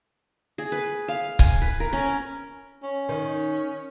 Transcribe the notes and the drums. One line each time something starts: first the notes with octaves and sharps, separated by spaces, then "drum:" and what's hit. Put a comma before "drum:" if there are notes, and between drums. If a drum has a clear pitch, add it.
G#4
B4
F5
G#5, drum: kick C#1
B4
A#4
C#4
C#4
D#3